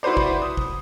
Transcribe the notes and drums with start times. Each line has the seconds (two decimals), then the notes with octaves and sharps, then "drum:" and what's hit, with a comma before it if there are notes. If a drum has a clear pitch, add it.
0.03 E4 F#4 B4 C5 D5
0.17 drum: kick
0.42 D#6
0.57 drum: kick